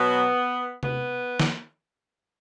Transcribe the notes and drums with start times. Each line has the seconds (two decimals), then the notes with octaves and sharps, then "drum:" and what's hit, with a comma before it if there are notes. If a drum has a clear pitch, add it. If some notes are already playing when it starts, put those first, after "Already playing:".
Already playing: B2 F#3 B3
0.83 B3, drum: tom C3
1.40 drum: snare